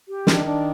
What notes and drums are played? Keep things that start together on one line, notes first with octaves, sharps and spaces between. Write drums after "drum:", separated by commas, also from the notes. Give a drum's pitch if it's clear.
G4
D#3 D4, drum: snare
D4